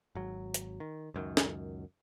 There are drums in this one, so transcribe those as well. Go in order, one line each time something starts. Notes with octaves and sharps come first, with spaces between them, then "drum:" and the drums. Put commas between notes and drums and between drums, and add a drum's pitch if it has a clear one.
G#1 F#3
drum: hi-hat
D#3
C#2 F#2 D#3
drum: snare